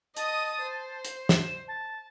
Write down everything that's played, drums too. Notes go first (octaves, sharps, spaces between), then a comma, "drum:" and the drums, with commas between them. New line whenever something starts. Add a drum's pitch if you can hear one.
D#5 A5 D#6, drum: hi-hat
C5
drum: hi-hat
E7, drum: snare
A5